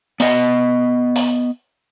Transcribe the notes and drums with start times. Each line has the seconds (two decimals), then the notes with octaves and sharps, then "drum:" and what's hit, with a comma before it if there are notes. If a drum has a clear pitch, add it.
0.20 B3 D#5, drum: open hi-hat
1.16 drum: open hi-hat